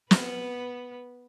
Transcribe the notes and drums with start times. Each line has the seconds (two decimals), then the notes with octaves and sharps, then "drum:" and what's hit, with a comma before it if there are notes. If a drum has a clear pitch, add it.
0.11 B3 B4, drum: snare